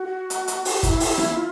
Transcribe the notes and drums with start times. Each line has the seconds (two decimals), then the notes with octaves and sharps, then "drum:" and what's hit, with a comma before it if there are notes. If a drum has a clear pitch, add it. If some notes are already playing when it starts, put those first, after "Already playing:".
Already playing: F#4
0.30 drum: hi-hat
0.48 drum: hi-hat
0.65 drum: open hi-hat
0.83 E4, drum: kick, hi-hat
1.00 drum: open hi-hat
1.18 drum: snare
1.35 F4